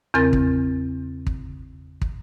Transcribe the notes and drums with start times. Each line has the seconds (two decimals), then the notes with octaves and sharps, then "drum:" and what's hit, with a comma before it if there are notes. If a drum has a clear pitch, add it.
0.14 E2 C#3 C4 A#4 A6
0.33 drum: kick
1.27 drum: kick
2.02 drum: kick